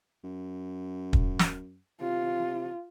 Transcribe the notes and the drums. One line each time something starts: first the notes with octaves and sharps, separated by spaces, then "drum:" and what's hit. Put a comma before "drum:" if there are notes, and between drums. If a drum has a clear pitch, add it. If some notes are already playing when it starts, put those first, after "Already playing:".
F#2
drum: kick
drum: snare
C3 F4